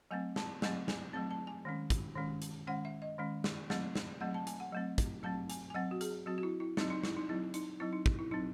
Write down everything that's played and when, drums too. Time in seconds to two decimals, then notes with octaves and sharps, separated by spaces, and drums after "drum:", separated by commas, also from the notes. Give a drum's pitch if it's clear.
0.11 F#3 A3 C4 G#5
0.36 A5, drum: snare
0.62 F#3 A3 C4 G#5, drum: snare
0.88 G#5, drum: snare
1.13 F#3 A3 C4 A5
1.31 A5
1.47 G#5
1.65 D#3 G#3 C#4
1.90 drum: kick, hi-hat
2.16 D#3 G#3 C#4
2.42 drum: hi-hat
2.67 D#3 G#3 C#4 F#5
2.85 E5
3.02 D#5
3.18 D#3 G#3 C#4
3.44 drum: snare
3.70 F#3 A3 C4, drum: snare
3.95 drum: snare
4.21 F#3 A3 C4 F#5
4.34 A5
4.47 G#5, drum: hi-hat
4.60 F#5
4.72 F#3 A3 C4
4.98 drum: kick, hi-hat
5.23 F#3 A3 C4 A5
5.50 G#5, drum: hi-hat
5.70 G#5
5.75 F#3 C4 F#5
5.91 F#4
6.01 G#4, drum: hi-hat
6.26 F#3 C4 F#4
6.38 F#4
6.43 E4
6.60 E4
6.77 F#3 C4 D#4, drum: snare
6.90 D#4
7.03 E4, drum: snare
7.16 D#4
7.29 F#3 C4 E4
7.54 D#4, drum: hi-hat
7.80 F#3 C4 E4
7.93 D#4
8.06 drum: kick
8.19 E4
8.31 F#3 C4 D#4